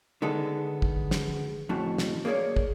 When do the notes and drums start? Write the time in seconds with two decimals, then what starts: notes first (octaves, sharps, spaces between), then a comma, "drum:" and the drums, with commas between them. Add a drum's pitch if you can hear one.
0.22 D3 D#3 G#3 B3 A4
0.82 drum: kick
1.11 drum: snare
1.69 F2 A2 C#4 F#4 A5
1.98 drum: snare
2.25 A#3 G#4 A4 C#5 D5
2.56 drum: kick